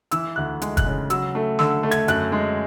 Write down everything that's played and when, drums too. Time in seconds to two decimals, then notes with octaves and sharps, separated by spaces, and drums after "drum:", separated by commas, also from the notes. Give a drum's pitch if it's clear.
0.11 E3 E6, drum: hi-hat
0.36 D2 F#6
0.62 G#3, drum: hi-hat
0.77 F#6, drum: kick, hi-hat
0.85 C#3
1.10 F#3 E6, drum: hi-hat
1.35 A3
1.59 D3 E6, drum: snare
1.83 A3
1.91 G#6, drum: hi-hat
2.08 F#2 F#6, drum: hi-hat
2.32 G#3